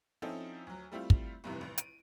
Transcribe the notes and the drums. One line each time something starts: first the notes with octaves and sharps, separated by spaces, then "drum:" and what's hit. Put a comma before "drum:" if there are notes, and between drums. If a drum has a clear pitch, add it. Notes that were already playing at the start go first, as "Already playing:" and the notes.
F3 C4 C#4 D#4 E4 A4
D2 F#3
G3 A3 C4 E4 F4
drum: kick
F1 G2 C3 E3
A1
D7 D#7, drum: hi-hat